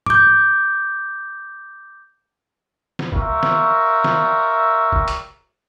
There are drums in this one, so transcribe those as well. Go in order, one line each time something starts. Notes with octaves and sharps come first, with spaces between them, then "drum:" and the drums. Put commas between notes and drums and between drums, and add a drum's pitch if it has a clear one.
D6 G6, drum: tom
drum: snare
G3 F4 A#4 E5 C#6, drum: kick
drum: snare
drum: snare
drum: kick
drum: hi-hat